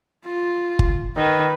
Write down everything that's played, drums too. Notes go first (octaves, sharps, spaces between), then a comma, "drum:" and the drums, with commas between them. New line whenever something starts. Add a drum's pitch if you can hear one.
F4
drum: kick G1
D#3 B4